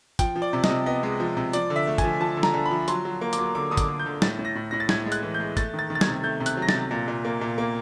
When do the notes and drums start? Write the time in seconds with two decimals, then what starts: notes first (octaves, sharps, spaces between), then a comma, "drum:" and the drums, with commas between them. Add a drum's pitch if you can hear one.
0.19 F3 G5, drum: kick, hi-hat
0.36 F3
0.42 D5
0.53 C3
0.64 D#5, drum: snare
0.70 C3
0.86 B3 D#5
1.03 G#3
1.20 F3
1.37 C3
1.53 F3 D5, drum: hi-hat
1.70 D3
1.76 E5
1.87 A3
1.98 G#5, drum: kick, hi-hat
2.03 F3
2.20 F3 A5
2.37 D3
2.43 A#5, drum: snare
2.54 D3
2.65 B5
2.71 F3
2.88 F#3 C6, drum: hi-hat
3.05 F#3
3.21 A#3
3.33 D6, drum: hi-hat
3.38 F#3
3.55 D3 D6
3.71 D3 D#6
3.77 D6, drum: kick, hi-hat
3.88 D3
3.99 G6
4.06 D3
4.22 A2 A6, drum: snare
4.39 A2
4.45 A#6
4.55 A2
4.71 A2 A#6
4.80 A6
4.89 A2 G#6, drum: snare
5.06 G#3
5.12 F#6, drum: hi-hat
5.23 E3
5.34 G6
5.40 G#3
5.57 A3 A6, drum: kick, hi-hat
5.74 D#3
5.79 A6
5.90 D#3
5.95 A6
6.01 G#6, drum: snare
6.07 C3
6.24 A3 G6
6.40 C3
6.46 F#6, drum: hi-hat
6.57 F#3
6.62 A#6
6.69 A6, drum: snare
6.74 C3
6.91 A#2
7.08 A#2
7.25 A#3
7.41 A#2
7.58 A#3